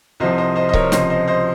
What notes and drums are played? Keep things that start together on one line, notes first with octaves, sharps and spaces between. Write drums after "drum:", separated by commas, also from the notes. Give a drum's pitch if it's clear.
C2 C3 F3 C5 D#5
C5 D#5
C5 D#5
D#5
A#4 C#5, drum: kick C#1
C#2 C3 F3 C5 D#5, drum: snare
C5 D#5
C5 D#5